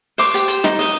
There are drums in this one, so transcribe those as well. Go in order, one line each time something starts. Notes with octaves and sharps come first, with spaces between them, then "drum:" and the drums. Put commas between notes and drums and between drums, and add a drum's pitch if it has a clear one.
C5 D6, drum: open hi-hat
G4, drum: hi-hat
C5, drum: hi-hat
D#4, drum: snare
D#5, drum: open hi-hat